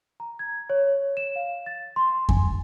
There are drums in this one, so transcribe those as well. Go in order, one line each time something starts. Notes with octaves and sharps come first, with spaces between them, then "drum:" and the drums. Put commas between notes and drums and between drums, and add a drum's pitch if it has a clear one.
A#5
G#6
C#5
E7
F5
A6
C6
G#5, drum: kick F2